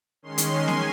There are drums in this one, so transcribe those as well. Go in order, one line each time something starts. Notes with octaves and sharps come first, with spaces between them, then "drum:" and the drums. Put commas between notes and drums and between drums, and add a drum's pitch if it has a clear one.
D#3 G#3 C#4 C6
drum: hi-hat
G#5
drum: snare